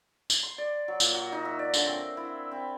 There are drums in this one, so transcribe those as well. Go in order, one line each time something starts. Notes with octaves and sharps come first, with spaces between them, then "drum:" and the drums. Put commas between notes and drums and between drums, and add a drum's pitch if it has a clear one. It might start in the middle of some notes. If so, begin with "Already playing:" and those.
drum: tambourine
C6
D5
F#3
A#2, drum: tambourine
F#4
D#4
E5
D5
D3, drum: tambourine
C4
E4
C4